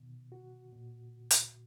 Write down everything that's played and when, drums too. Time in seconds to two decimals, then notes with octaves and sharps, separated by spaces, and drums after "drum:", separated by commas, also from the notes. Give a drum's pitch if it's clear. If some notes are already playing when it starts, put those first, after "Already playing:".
Already playing: B2 D#3
0.32 F#4
0.73 A#2
1.31 drum: hi-hat